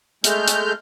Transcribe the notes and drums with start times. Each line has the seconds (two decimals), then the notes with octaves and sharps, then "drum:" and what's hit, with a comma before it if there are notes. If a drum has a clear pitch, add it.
0.24 G#3 A3 F6 G6, drum: hi-hat
0.48 drum: hi-hat